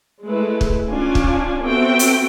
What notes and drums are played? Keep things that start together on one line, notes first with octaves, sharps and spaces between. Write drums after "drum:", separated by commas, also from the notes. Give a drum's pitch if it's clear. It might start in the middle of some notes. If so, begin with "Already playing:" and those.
G#3 A3 E4 B4
drum: kick
C#4 D4 F4 G#5
drum: kick
B3 C4 F#4 A4 E5 G5
drum: hi-hat